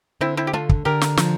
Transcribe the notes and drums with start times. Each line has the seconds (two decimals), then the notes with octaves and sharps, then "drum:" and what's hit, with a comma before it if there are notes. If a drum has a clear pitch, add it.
0.21 D3 C4 E4
0.37 C4 E4
0.47 G4
0.53 A3 D4 F4
0.69 drum: kick
0.85 D3 G4 A#4
1.01 drum: snare
1.17 F3, drum: snare